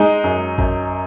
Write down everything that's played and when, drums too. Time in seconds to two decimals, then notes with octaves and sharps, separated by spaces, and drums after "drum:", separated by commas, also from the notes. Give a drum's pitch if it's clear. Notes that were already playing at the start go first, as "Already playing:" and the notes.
Already playing: G#3 D#4
0.24 F#2
0.58 F#2, drum: kick A1